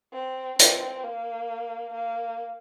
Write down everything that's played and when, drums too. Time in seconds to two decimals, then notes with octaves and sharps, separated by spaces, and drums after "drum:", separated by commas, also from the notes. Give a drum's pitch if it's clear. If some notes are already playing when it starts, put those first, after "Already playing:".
0.13 C4
0.59 C4, drum: hi-hat
1.04 A#3
1.94 A#3